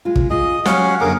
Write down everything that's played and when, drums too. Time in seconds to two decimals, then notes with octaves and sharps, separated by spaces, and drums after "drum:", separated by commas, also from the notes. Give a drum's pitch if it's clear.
0.05 G#3 F4
0.16 drum: kick
0.30 F4 G#4 D#5
0.65 F#3 G3 C#4 F5 F#5, drum: snare
1.01 F#2 D3 A#3 G#4 A#4 D6